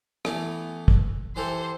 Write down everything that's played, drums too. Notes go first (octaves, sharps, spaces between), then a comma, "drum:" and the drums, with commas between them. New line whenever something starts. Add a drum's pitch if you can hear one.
E3 A3 B3, drum: rim click
drum: kick
E3 G4 A4 C5